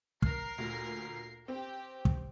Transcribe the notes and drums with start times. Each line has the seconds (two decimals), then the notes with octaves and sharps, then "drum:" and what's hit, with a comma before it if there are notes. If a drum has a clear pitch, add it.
0.22 A#4 F6 C7, drum: kick
0.58 D2 A#2
1.48 C4 G4 G5
2.05 drum: kick